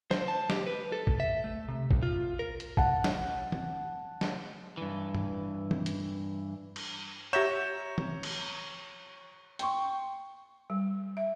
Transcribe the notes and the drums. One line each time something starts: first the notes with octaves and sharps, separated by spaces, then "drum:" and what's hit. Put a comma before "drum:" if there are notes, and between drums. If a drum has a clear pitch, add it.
C5, drum: snare
A5
G4, drum: snare
B4
A4
drum: kick
E5
A3
C3
B1, drum: kick
F4
A#4
drum: hi-hat
F#5 A5, drum: kick
drum: snare
drum: tom E3
drum: snare
G2 E3
drum: tom G2
drum: tom E3
drum: hi-hat
drum: cymbal
G4 C#5 E5 F#5 A#5 G6 A#6 E7
drum: tom E3
drum: cymbal
G5 C6 C#6, drum: hi-hat
G3
E5